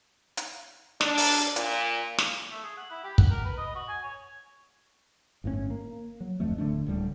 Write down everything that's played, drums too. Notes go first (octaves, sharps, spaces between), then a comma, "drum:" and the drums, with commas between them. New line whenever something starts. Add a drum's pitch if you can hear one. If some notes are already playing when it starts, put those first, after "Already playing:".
drum: hi-hat
D4, drum: snare
drum: open hi-hat
A#2, drum: hi-hat
drum: snare
A3
G#4
F#5
E4
G4
F#5, drum: kick
A#4
B4
D#5
F#4
G#5
C#5
G1 A2 D3 C#4
A#3
F#3
D1 F2 A3
D1 D3 A3 D4
D1 C#2 A2 G3